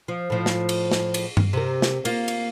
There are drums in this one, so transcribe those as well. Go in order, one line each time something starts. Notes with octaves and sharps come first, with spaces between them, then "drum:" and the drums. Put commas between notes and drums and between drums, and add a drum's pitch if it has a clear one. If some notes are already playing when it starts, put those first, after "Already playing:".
F3
A2 F3
drum: snare
drum: cymbal
drum: snare
drum: cymbal
drum: tom G2
C3 A#4
drum: snare
A#3 F4, drum: cymbal
drum: cymbal